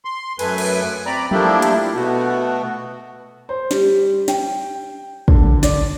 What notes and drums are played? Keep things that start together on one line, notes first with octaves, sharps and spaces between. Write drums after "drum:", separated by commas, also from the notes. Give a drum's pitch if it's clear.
C6
F#2 A3 B4 G#5, drum: cymbal
drum: cymbal
C4 D5 A#5 B5
F3 A3 A#3 D4 E4 G4, drum: tom F#3
drum: hi-hat
B2 A3 B3 F#4
C5
G3, drum: snare
G5, drum: snare
D3, drum: kick
D5, drum: snare